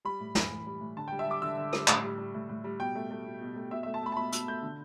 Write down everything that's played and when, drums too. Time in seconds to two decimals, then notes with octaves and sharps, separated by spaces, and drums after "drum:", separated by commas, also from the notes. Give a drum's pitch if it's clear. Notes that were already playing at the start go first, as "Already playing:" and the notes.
0.05 G3 B5
0.20 A2
0.35 E3, drum: snare
0.50 A2
0.66 G3
0.81 A2
0.97 D3 A5
1.08 G3 G5
1.19 E5
1.27 G3 D6
1.42 D3 E6
1.57 D3
1.73 G3, drum: rim click
1.88 A2, drum: clap
2.04 G3
2.18 G3
2.35 A2
2.49 A2
2.64 G3
2.79 B2 G5
2.95 A3
3.11 A3
3.26 B2
3.41 B2
3.56 A3
3.71 B2 E5
3.83 A3 E5
3.94 A5
4.03 A3 B5
4.12 A5
4.17 B2 B5
4.32 B2 E6, drum: hi-hat
4.48 A3 G6
4.62 D3